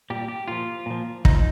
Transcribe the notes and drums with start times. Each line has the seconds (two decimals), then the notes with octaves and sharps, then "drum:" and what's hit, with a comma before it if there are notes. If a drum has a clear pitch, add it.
0.10 A#2 G3 G4
0.28 G4
0.48 A#2 F3 F4
0.86 A#2 F3
1.25 G#2 F3 D#4, drum: kick